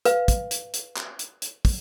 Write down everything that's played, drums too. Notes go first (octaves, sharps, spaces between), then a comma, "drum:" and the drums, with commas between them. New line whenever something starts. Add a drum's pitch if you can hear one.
B4 F5, drum: hi-hat
drum: kick, hi-hat
drum: hi-hat
drum: hi-hat
drum: clap
drum: hi-hat
drum: hi-hat
drum: kick, open hi-hat